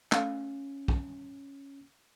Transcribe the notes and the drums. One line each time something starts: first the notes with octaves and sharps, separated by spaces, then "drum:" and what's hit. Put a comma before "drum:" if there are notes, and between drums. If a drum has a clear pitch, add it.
A3 C#4 F5, drum: clap
drum: kick